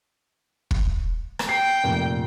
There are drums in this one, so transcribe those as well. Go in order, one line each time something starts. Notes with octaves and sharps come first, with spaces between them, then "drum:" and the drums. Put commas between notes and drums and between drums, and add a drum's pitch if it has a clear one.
drum: kick
drum: rim click
G5 C7
F1 A#2